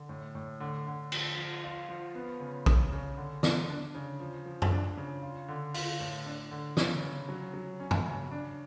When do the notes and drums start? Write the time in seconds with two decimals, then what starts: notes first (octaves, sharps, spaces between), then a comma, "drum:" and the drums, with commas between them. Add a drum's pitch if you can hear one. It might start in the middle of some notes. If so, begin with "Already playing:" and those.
Already playing: D3
0.09 A2
0.35 A2
0.60 D3
0.87 D3
1.12 F3, drum: cymbal
1.37 F3
1.64 F4
1.89 F3
2.15 B3
2.40 C#3
2.66 C#3, drum: kick
2.92 C#3
3.17 D3
3.43 D3, drum: snare
3.69 D4
3.95 C#3
4.20 F3
4.46 F3
4.62 drum: tom F#2
4.71 D4
4.97 C#3
5.22 F4
5.48 D3
5.74 F4, drum: open hi-hat
6.00 A2
6.26 D4
6.51 D3
6.77 C#3, drum: snare
7.02 C#3
7.29 F#3
7.54 F#3
7.80 C#4
7.91 drum: tom G2
8.05 C#3
8.32 D4